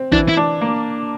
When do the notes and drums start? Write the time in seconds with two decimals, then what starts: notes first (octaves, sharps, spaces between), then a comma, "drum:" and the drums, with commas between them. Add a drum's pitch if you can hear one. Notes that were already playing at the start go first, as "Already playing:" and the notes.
Already playing: C4
0.12 E3 D4, drum: kick A1
0.29 E4
0.37 D4
0.61 A#3